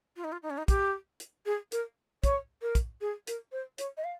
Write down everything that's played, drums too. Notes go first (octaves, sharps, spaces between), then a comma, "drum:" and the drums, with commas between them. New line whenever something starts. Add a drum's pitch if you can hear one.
F4
D#4
F4
D#4
C#4
D#4
G4, drum: kick, hi-hat
drum: hi-hat
G#4
A#4, drum: hi-hat
C#5, drum: kick, hi-hat
A#4
drum: kick, hi-hat
G#4
A#4, drum: hi-hat
C5
C#5, drum: hi-hat
D#5
F5